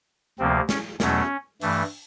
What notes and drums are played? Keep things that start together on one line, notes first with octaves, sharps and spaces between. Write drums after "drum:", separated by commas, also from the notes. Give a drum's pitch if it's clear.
D2 C3 F3 A#3 C4
C#4, drum: snare
E2 B2 F#3 A3 C#4, drum: snare
G2 E3 A3, drum: open hi-hat